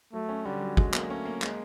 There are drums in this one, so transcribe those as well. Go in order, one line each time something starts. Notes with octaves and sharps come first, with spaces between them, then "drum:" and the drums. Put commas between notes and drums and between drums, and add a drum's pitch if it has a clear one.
F#3 A3
C#4
D3 G3
F#3
F#3 G#3, drum: kick
A#3, drum: clap
A3 C#4
A#3
G#3, drum: clap